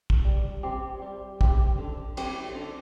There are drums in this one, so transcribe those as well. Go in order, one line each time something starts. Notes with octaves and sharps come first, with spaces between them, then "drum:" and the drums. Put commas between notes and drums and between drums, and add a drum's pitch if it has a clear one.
drum: kick
G3
C4 G4
G3
C4 G4, drum: kick
D3
F#3 C4 G4, drum: cymbal
D3